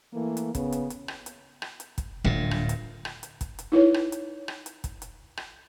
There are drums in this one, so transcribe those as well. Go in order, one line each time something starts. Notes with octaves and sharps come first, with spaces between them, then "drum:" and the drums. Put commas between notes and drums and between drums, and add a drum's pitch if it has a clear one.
E3 A3 A#3
drum: hi-hat
C#3 B3, drum: kick, hi-hat
drum: hi-hat
drum: hi-hat
drum: rim click
drum: hi-hat
drum: rim click
drum: hi-hat
drum: kick, hi-hat
D1 A#2 G3 D4
drum: rim click
drum: hi-hat
drum: rim click
drum: hi-hat
drum: kick, hi-hat
drum: hi-hat
D#4 E4 B4 C#5
drum: rim click
drum: hi-hat
drum: rim click
drum: hi-hat
drum: kick, hi-hat
drum: hi-hat
drum: rim click